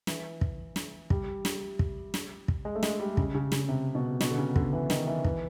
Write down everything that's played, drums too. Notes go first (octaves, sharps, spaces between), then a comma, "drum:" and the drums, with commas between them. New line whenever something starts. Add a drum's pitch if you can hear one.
E3, drum: snare
drum: kick
drum: snare
G3, drum: kick
drum: snare
drum: kick
drum: snare
drum: kick
G#3
A3
G#3, drum: snare
G3
C#3, drum: kick
C#3
C#3, drum: snare
C3
B2
B2, drum: snare
D3
C#3
D3, drum: kick
E3
D#3, drum: snare
E3
E3, drum: kick